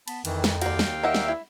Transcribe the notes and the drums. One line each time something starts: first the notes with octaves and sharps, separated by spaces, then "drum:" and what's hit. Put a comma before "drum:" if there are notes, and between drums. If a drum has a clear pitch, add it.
B3 A5 B5, drum: cymbal
F2 D#3 E3, drum: cymbal
drum: snare
D#2 F#4 D5 F5 G5, drum: cymbal
drum: snare
D#4 A#4 D5 E5 F#5
drum: snare
E4